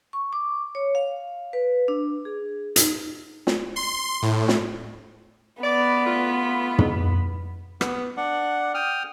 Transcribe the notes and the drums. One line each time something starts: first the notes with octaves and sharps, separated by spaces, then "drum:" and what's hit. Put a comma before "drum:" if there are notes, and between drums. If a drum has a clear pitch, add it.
C#6
D6
C#5
F5
B4
D4
G#4
D#4, drum: hi-hat
drum: snare
C6
A2
drum: snare
B3 D5 B5
A3 F4
drum: tom
B3, drum: rim click
D4 F#5
G5 D#6 F6